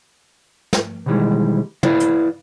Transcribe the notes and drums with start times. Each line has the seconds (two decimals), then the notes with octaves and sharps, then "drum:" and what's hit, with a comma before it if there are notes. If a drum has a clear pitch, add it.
0.73 drum: snare
1.06 B2 D#3 E3 G3 G#3
1.83 E4 B4 D5 F5, drum: tom
2.00 drum: hi-hat